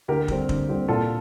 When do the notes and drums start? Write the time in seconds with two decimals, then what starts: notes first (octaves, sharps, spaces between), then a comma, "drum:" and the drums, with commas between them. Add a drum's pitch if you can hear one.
0.08 D2 G4 A#4
0.28 D3 G3 C4, drum: kick
0.49 D2, drum: kick
0.69 D3 G3 C4
0.88 A#2 F4 A4